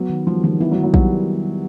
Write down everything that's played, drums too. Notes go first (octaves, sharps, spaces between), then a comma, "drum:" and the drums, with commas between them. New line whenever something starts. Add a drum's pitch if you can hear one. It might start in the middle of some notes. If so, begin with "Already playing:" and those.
Already playing: F#3 B3
D#3
F3 G3
D#3 F3
E3 B3
F#3
D#3
F#3
F#3 G3, drum: kick